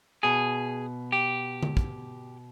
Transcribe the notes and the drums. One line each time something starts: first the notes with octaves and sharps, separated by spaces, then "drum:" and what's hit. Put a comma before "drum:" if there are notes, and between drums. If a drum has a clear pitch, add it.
B2 G#4
G4
drum: tom D3
drum: kick